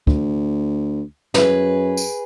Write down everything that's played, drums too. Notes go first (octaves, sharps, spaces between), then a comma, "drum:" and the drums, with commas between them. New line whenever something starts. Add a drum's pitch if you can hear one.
D2, drum: kick
F#2 G#4 B4, drum: snare
drum: tambourine